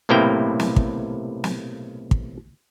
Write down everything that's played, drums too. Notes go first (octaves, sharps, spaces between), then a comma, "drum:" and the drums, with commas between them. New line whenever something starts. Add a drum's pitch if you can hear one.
B1 A2 C3 A#3 E4 G5
drum: snare
drum: kick
drum: snare
drum: kick